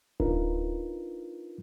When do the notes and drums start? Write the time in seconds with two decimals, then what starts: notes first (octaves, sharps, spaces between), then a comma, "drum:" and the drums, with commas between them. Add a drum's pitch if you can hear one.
0.20 D4 D#4 F4 A#4 B4, drum: kick D1